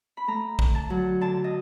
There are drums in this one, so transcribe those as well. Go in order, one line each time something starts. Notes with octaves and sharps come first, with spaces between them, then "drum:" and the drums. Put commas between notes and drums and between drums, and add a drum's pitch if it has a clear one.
B5
A3 A#5
D3, drum: kick
A5
F#3
D3 A5
D#5